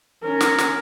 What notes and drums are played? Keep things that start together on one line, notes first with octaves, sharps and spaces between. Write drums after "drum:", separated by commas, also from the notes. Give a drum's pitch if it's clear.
C#4 A#4
drum: snare
drum: snare